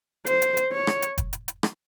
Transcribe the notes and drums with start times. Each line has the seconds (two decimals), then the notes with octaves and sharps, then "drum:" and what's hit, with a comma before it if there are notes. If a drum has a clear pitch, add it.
0.26 C5, drum: hi-hat
0.42 drum: hi-hat
0.57 drum: hi-hat
0.72 C#5
0.87 drum: rim click
1.02 drum: hi-hat
1.18 drum: kick, hi-hat
1.33 drum: hi-hat
1.48 drum: hi-hat
1.63 drum: rim click